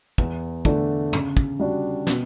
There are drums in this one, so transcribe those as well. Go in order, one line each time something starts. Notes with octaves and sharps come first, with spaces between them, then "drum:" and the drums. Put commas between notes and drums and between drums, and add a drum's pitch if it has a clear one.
E2, drum: kick
D3 A3 D4, drum: kick
C#3, drum: tom
drum: kick
G3 D4 F#4
B2, drum: snare